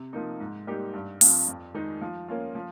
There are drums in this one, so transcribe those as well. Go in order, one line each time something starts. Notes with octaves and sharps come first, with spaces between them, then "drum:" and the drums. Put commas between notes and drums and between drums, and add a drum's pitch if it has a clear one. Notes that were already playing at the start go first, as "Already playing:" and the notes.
Already playing: C3
F3 A#3 D#4
G#2
G3 A#3 D#4 G4
G2
F3 C4, drum: open hi-hat
F2
D#3 G#3 D#4 G#4
F3
A#3 C#4 F4
F3